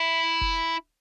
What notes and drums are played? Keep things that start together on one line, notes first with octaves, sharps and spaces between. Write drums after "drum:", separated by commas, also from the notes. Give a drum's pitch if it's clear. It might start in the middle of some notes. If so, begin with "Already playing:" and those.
Already playing: E4
drum: kick F1